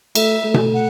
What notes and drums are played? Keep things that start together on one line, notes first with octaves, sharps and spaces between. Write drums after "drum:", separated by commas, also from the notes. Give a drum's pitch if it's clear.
A3 E5, drum: cymbal
A3
drum: tom B2
F#5